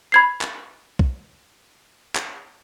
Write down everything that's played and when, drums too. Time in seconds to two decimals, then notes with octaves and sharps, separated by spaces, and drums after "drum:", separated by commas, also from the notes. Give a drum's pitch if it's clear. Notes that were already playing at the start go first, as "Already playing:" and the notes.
0.12 B5 G#6 C7
0.41 drum: clap
0.99 drum: kick
2.15 drum: clap